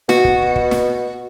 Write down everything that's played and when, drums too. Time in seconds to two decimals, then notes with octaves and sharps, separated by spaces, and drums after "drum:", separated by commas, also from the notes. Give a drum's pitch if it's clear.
0.09 B2 F#4, drum: snare
0.25 drum: kick
0.56 drum: kick
0.71 drum: snare